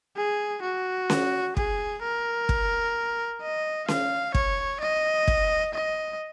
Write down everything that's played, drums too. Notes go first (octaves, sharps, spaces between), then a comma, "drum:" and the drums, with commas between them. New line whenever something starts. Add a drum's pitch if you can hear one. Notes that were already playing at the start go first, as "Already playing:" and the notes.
G#4
F#4
drum: snare C#4
G#4, drum: kick
A#4
drum: kick
D#5
F5, drum: snare C#4
C#5, drum: kick
D#5
drum: kick
D#5